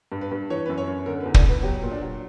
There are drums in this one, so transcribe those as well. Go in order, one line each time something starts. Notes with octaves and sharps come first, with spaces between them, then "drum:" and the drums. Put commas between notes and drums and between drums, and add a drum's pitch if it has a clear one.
G2
B4
G2
E3 C#5
F#2 B4
C#5
F#2
D3 A#4
B4
E2
D5, drum: kick
E2
B4
F#3 G4
A#2
D4
F#3